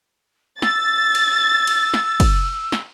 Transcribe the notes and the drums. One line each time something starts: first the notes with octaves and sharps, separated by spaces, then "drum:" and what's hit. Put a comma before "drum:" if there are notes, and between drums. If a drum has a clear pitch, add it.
E6 A6, drum: snare
drum: cymbal
drum: cymbal
drum: snare
drum: kick, cymbal
drum: snare